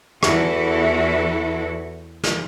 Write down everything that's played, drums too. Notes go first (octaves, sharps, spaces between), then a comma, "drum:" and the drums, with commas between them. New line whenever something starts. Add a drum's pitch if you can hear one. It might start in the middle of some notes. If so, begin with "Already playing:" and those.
E2 E3 E4 F#4 A4, drum: rim click
drum: snare